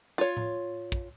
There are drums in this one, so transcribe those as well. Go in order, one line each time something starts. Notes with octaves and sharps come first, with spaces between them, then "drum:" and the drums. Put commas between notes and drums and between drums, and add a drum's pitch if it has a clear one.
F4 C#5
drum: tom A2
drum: kick